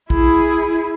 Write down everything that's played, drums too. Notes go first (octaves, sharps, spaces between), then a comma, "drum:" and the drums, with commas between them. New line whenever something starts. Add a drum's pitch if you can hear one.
E4 G#4, drum: kick